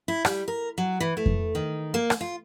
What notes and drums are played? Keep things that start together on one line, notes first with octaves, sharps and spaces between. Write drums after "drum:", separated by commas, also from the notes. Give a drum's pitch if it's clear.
E4
G3, drum: rim click
A#4
F#3
E3
A3
drum: kick F2
D#3
A#3
drum: rim click
F4